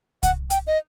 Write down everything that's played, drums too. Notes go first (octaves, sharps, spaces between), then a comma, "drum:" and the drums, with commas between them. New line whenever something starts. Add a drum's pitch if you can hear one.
F#5, drum: kick C2, hi-hat
G5, drum: hi-hat
D#5